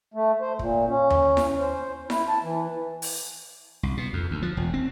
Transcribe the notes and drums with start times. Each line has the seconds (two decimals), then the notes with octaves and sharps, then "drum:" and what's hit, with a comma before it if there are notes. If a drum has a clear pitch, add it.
0.14 A3
0.41 C5
0.59 A#2, drum: kick
0.88 C#4
1.10 drum: tom D#2
1.37 drum: snare E4
1.60 C5
2.10 E4, drum: snare E4
2.28 A5
2.43 E3
3.02 drum: open hi-hat
3.83 C2
3.97 B2
4.13 F2
4.31 D2
4.42 F3
4.57 E1
4.74 C4